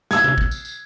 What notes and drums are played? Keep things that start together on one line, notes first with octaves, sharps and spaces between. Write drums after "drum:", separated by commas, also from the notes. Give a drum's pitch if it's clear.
E6 G#6, drum: snare
drum: tom
drum: kick
drum: tambourine
drum: tambourine